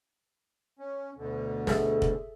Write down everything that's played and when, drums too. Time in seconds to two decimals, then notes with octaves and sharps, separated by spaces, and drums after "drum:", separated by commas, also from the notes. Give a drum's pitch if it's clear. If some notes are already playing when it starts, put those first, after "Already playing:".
0.79 C#4
1.17 D2 B2 D3
1.67 G#4 A4 E5, drum: snare
2.02 drum: kick